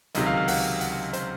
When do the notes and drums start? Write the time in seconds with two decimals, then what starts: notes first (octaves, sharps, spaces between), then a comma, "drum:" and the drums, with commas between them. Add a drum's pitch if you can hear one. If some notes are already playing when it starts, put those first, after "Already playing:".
0.15 C#2 C3 D#3 F#3 D#5, drum: hi-hat
0.26 F5
0.37 F5
0.48 F#5, drum: open hi-hat
0.81 F#5, drum: hi-hat
1.13 C5, drum: hi-hat